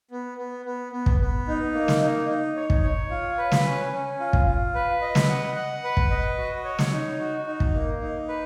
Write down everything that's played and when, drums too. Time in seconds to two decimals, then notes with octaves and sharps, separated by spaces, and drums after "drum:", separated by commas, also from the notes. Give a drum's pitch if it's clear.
0.11 B3
0.38 B3
0.66 B3
0.93 B3
1.06 drum: kick
1.20 B3
1.48 D#4
1.74 A#3
1.88 drum: snare
2.02 D#4
2.29 D#4
2.56 C#5
2.70 drum: kick
2.83 C#5
3.11 F4
3.38 B4
3.52 drum: snare
3.65 C#4
3.92 C#4
4.20 F4
4.33 drum: kick
4.46 F4
4.75 B4
5.01 D#5
5.15 drum: snare
5.29 F#5
5.56 F#5
5.84 B4
5.97 drum: kick
6.10 D#5
6.38 F#4
6.65 C#5
6.79 drum: snare
6.93 D#4
7.20 F#4
7.47 D#4
7.60 drum: kick
7.74 A#3
8.01 D#4
8.28 B4